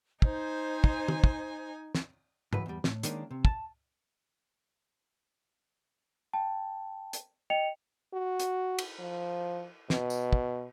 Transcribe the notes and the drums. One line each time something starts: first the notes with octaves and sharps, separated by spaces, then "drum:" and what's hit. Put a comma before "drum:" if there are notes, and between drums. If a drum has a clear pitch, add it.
D#4 C5 G#5, drum: kick
drum: kick
drum: tom
drum: kick
drum: snare
F#2 C#3 E3 B4, drum: tom G#2
E2 G3
A2, drum: snare
D#3 G#3 A#3 C#4 D4, drum: hi-hat
C3
A5, drum: kick
G5 A5
drum: hi-hat
D#5 G5 C#7 F7
F#4
drum: hi-hat
drum: cymbal
F3
B2, drum: snare
drum: tambourine
drum: kick